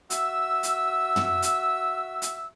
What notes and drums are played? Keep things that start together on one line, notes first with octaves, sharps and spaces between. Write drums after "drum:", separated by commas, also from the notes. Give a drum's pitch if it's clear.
F#4 E5 E6, drum: hi-hat
drum: hi-hat
drum: tom
drum: hi-hat
drum: hi-hat